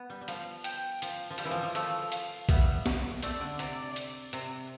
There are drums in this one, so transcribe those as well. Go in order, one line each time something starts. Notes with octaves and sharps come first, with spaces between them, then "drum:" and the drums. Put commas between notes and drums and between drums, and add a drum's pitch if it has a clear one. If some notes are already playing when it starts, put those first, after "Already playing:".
Already playing: B3
G3
G3
F3 F5, drum: hi-hat
G5, drum: hi-hat
F3 F5, drum: hi-hat
F3
G3 F5, drum: hi-hat
E3
F3
F3
F3 A3 F5, drum: hi-hat
F5, drum: hi-hat
G3 B3 E5, drum: kick, hi-hat
drum: snare
A3 C4 D5, drum: hi-hat
D3
C3 D5, drum: hi-hat
drum: hi-hat
C3, drum: hi-hat